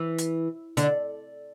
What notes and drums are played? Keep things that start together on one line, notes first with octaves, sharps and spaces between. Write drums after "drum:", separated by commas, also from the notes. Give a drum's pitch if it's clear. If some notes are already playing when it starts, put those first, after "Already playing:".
Already playing: E3
drum: hi-hat
D3, drum: hi-hat